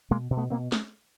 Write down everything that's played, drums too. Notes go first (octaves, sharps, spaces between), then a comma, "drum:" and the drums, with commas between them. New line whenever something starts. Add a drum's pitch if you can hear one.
B2 G#3 A#3
B2
A3 B3
B2 A#3 C4
drum: snare